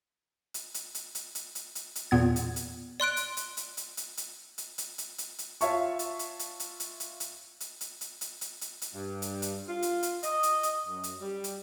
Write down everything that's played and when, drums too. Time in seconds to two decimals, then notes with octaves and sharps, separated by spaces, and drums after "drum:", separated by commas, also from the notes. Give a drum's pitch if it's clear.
0.54 drum: hi-hat
0.74 drum: hi-hat
0.95 drum: hi-hat
1.15 drum: hi-hat
1.35 drum: hi-hat
1.55 drum: hi-hat
1.75 drum: hi-hat
1.95 drum: hi-hat
2.11 E2 A#2 B3 G#6
2.36 drum: hi-hat
2.56 drum: hi-hat
3.00 D5 C6 F#6 D7
3.17 drum: hi-hat
3.37 drum: hi-hat
3.57 drum: hi-hat
3.77 drum: hi-hat
3.97 drum: hi-hat
4.17 drum: hi-hat
4.58 drum: hi-hat
4.78 drum: hi-hat
4.98 drum: hi-hat
5.18 drum: hi-hat
5.39 drum: hi-hat
5.61 F4 C#5 E5 A5 C#6, drum: hi-hat
5.99 drum: hi-hat
6.19 drum: hi-hat
6.39 drum: hi-hat
6.60 drum: hi-hat
6.80 drum: hi-hat
7.00 drum: hi-hat
7.20 drum: hi-hat
7.60 drum: hi-hat
7.81 drum: hi-hat
8.01 drum: hi-hat
8.21 drum: hi-hat
8.41 drum: hi-hat
8.61 drum: hi-hat
8.82 drum: hi-hat
8.94 G2
9.22 drum: hi-hat
9.42 drum: hi-hat
9.68 F4
9.82 drum: hi-hat
10.03 drum: hi-hat
10.23 D#5, drum: hi-hat
10.43 drum: hi-hat
10.63 drum: hi-hat
10.87 F#2
11.04 drum: hi-hat
11.21 G3
11.44 drum: hi-hat